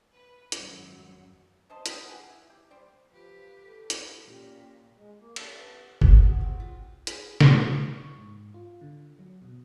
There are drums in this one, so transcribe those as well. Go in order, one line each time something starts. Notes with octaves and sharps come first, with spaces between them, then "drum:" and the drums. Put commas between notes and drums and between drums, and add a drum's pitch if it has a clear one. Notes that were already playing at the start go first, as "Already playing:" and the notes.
B4
G#1 F#2 F#3, drum: hi-hat
C3 C5 D#5 A5
D3 B3 C4 D#4, drum: hi-hat
G4 G#4 B4 F#5
E4
G4
G3 C5 D5
F3 G4 B4
D#2 A2 A4
drum: hi-hat
A#2 C#4 G4
G#3
A#3
D4, drum: cymbal
B3
G#4, drum: kick
F#4
C4
F4
G#4, drum: hi-hat
C#4, drum: snare
E3
C#6
G#2
F4
D3
F#3
B2